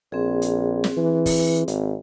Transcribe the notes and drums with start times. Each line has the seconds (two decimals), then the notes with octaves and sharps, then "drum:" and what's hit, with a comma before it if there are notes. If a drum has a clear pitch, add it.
0.12 A#1 C4 G#4
0.42 drum: hi-hat
0.84 drum: snare
0.97 E3
1.26 drum: kick, open hi-hat
1.68 G#1, drum: hi-hat